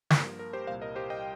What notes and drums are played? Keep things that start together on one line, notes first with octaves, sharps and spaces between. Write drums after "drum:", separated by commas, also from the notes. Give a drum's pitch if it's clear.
G2 F3 A#3 A#4, drum: snare
A#4
G4 C5
C2 A#2 G3 C5 F5
A#4 D#5
G4 C5
D#5 G5